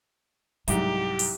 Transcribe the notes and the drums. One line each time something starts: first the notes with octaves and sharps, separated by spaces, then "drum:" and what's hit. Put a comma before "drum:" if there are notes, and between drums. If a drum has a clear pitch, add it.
C2 G#2 F#3 G4, drum: hi-hat
drum: open hi-hat